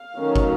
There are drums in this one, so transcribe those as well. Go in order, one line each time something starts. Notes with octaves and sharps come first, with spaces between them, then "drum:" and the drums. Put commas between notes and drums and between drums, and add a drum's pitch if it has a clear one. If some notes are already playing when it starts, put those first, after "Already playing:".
Already playing: F5
D#3 F#3 A3 C#4
drum: kick